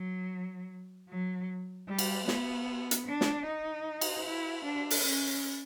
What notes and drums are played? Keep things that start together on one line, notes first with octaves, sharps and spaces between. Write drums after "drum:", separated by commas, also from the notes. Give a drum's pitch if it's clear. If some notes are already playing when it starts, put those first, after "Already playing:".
Already playing: F#3
F#3
G3
drum: cymbal
B3, drum: snare
drum: hi-hat
D4
drum: snare
D#4
drum: cymbal
E4
D4
drum: open hi-hat
C#4